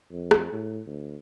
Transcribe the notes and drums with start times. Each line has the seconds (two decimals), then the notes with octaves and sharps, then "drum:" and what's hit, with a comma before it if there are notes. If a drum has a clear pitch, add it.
0.12 F2
0.31 drum: rim click
0.52 A2
0.87 D2